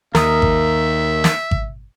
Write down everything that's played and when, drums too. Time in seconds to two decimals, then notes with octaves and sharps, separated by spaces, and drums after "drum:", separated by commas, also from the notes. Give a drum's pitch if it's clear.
0.15 D#2 A#4 E5 D#6, drum: snare
0.42 drum: kick G#1
1.24 drum: snare
1.51 drum: kick G#1